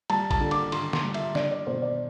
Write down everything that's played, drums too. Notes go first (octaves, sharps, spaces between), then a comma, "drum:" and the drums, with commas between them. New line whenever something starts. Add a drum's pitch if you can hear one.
G3 A5, drum: cymbal
A5, drum: kick, cymbal
D3
D6, drum: cymbal
D3 C6, drum: cymbal
C6, drum: snare
G3
E5, drum: cymbal
D4 D5, drum: snare
D5
B2 C5
D5